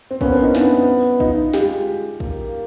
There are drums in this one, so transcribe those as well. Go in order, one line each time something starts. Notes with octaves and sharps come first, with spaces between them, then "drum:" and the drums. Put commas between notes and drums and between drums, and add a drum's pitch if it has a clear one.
C4
A#3 B3 C#4, drum: kick
C4 D4
C#4 D#4
B3 D4 E4, drum: snare
D#4 F4, drum: kick
G#3 F4 G4, drum: snare
A#3, drum: kick